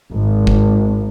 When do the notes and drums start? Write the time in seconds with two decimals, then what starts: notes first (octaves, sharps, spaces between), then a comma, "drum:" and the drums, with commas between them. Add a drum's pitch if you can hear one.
0.12 G#1
0.47 drum: kick G1